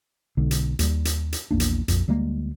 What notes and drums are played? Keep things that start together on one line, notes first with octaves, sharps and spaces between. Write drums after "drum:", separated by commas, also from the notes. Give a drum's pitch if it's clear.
B1 D3 G#3
drum: hi-hat
D#2 G3, drum: hi-hat
drum: hi-hat
drum: hi-hat
A#1 E2 A#3 D4
drum: hi-hat
A#1 F2, drum: hi-hat
D2 G3 G#3 A#3